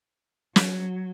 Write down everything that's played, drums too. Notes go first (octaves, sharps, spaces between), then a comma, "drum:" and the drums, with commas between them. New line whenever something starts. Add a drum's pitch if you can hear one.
F#3, drum: snare